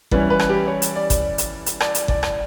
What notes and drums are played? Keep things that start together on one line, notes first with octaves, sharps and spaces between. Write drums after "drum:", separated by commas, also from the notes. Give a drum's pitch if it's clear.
E3 G3 C#4 E4 B4, drum: kick G1
B4
drum: rim click
G4
C#5
drum: hi-hat
D5
drum: kick G1, hi-hat
drum: hi-hat
drum: hi-hat
D5, drum: rim click
drum: hi-hat
D5, drum: kick G1
drum: rim click